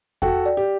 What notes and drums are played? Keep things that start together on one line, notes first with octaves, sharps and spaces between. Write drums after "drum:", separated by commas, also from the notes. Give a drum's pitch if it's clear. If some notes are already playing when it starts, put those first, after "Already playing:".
F#4 A4 G5, drum: kick E2
D5
G4